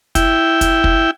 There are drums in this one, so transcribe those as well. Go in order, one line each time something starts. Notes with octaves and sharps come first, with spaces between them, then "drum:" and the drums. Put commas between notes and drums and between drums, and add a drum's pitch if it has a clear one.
E4 G5, drum: kick, hi-hat
drum: kick, hi-hat
drum: kick